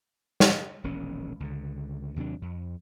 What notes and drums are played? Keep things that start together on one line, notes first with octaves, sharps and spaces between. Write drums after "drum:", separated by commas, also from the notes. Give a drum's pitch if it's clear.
drum: snare
E1 A#1 D#3 C#4
C#2 D3
D#2 C3 F#3 D4
F2